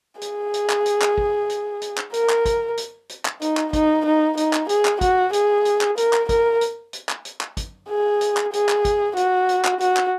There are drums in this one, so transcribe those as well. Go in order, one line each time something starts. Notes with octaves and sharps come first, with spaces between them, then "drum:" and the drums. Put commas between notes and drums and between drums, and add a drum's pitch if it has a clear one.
G#4, drum: hi-hat
drum: hi-hat
drum: clap
drum: hi-hat
drum: clap
drum: kick
drum: hi-hat
drum: hi-hat
drum: clap
A#4, drum: hi-hat
drum: clap
drum: kick, hi-hat
drum: hi-hat
drum: hi-hat
drum: clap
D#4, drum: hi-hat
drum: clap
D#4, drum: kick, hi-hat
D#4
D#4, drum: hi-hat
drum: clap
G#4, drum: hi-hat
drum: clap
F#4, drum: kick, hi-hat
G#4, drum: hi-hat
drum: hi-hat
drum: clap
A#4, drum: hi-hat
drum: clap
A#4, drum: kick, hi-hat
drum: hi-hat
drum: hi-hat
drum: clap
drum: hi-hat
drum: clap
drum: kick, hi-hat
G#4
drum: hi-hat
drum: clap
G#4, drum: hi-hat
drum: clap
drum: kick, hi-hat
F#4, drum: hi-hat
drum: hi-hat
drum: clap
F#4, drum: hi-hat
drum: clap